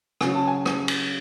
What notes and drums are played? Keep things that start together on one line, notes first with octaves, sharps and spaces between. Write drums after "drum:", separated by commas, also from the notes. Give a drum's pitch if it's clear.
C#3 F#3 C#4 G#5, drum: rim click
A5
G#5
drum: rim click
drum: cymbal